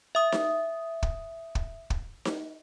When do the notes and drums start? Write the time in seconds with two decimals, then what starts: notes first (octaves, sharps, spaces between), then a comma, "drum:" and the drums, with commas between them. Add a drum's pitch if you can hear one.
0.15 E5 D#6
0.32 drum: snare D#4
1.03 drum: kick
1.55 drum: kick
1.90 drum: kick
2.25 drum: snare D#4